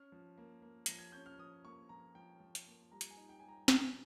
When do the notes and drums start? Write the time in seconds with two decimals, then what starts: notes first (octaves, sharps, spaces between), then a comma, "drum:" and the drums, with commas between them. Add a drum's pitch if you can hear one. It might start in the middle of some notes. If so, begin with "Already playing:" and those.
Already playing: C#4 F6
0.12 F3
0.38 A#3
0.62 A#3
0.86 F3 A#6, drum: hi-hat
0.99 G#6
1.12 C#4 G6
1.26 F6
1.38 F3 D#6
1.64 A#3 C#6
1.89 F3 A#5
2.15 F3 G5
2.40 F3
2.55 drum: hi-hat
2.67 A#3
2.91 G3 A#5
3.01 drum: hi-hat
3.11 G#5
3.17 D#4
3.29 G5
3.40 G3 G#5
3.48 A#5
3.68 A#2 G#5, drum: snare